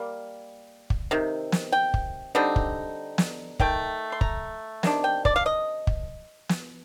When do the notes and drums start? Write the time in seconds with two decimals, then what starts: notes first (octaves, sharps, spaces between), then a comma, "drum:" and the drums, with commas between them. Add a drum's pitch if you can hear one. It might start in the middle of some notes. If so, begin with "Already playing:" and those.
Already playing: G3 A#3
0.90 drum: kick
1.11 C3 D#3
1.52 drum: snare
1.72 G5
1.94 drum: kick
2.35 D3 G3 C4 D#4
2.56 drum: kick
3.18 drum: snare
3.60 D#3 A3 G5, drum: kick
4.12 C6
4.21 A#5, drum: kick
4.83 C3 D#3 D4, drum: snare
5.04 G5
5.25 D5, drum: kick
5.36 F5
5.46 D#5
5.87 drum: kick
6.49 drum: snare